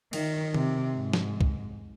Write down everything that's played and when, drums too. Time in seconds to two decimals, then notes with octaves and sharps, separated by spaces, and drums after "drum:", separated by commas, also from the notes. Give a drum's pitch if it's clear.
0.13 D#3, drum: cymbal
0.54 C3, drum: tom
0.96 G#2
1.13 drum: snare
1.41 drum: kick